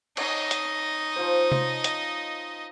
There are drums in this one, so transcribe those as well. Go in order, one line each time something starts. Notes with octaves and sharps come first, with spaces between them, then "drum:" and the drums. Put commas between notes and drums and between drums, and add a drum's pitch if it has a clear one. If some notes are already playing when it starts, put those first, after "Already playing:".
D#4 C#5 D#5, drum: cymbal
drum: hi-hat
F3 F4 C5
drum: tom C3
drum: hi-hat